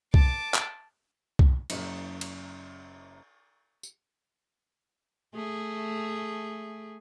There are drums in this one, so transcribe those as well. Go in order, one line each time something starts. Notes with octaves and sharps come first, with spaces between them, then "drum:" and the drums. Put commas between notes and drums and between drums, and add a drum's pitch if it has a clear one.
A5 D6, drum: kick C2
drum: clap
drum: kick C2
F#1 F#2, drum: cymbal
drum: cymbal
drum: tambourine
A3 G#4